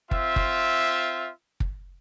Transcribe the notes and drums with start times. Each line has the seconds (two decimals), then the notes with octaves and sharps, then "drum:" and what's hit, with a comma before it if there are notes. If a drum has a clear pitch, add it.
0.11 C4 F4 E5, drum: kick
0.36 drum: kick
1.60 drum: kick